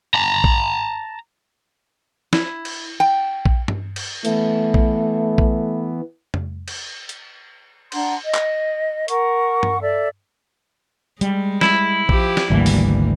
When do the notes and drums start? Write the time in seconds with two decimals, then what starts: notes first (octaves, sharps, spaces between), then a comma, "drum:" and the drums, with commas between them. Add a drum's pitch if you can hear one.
0.14 A5 A#5
0.44 drum: kick A#1
2.33 E4, drum: snare
2.65 drum: cymbal
3.00 G5
3.45 drum: kick A#1
3.68 drum: tom G2
3.96 drum: cymbal
4.25 E3 A3 B3, drum: hi-hat
4.74 drum: kick A#1
5.38 drum: kick A#1
6.34 drum: tom F2
6.68 drum: cymbal
7.09 drum: hi-hat
7.92 D4 F#5 A#5 C6, drum: cymbal
8.24 D#5
8.34 drum: clap
9.08 A#4 F#5 C#6, drum: hi-hat
9.63 drum: tom G2
9.81 A4 D5 E5
11.21 G3 G#3, drum: hi-hat
11.61 E4, drum: snare
12.09 F3 G4, drum: kick A#1
12.37 drum: snare
12.50 G#1 D2 E3 G3 A#3
12.66 drum: open hi-hat